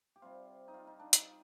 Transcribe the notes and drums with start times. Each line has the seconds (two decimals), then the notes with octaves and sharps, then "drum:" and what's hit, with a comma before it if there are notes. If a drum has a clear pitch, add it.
0.16 G4
0.22 C3 G3 C4 F4
0.68 D#4
0.74 F4
0.87 D#4
1.00 D4
1.13 D#4, drum: hi-hat